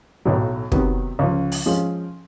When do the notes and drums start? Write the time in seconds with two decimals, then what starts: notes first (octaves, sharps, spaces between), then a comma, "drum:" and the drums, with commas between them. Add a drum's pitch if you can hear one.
0.25 B1 A2 F#3
0.72 C3 D#3 F#3 B3, drum: kick
1.19 C#2 C#3 F3
1.52 drum: open hi-hat
1.66 F3 G#3 C#4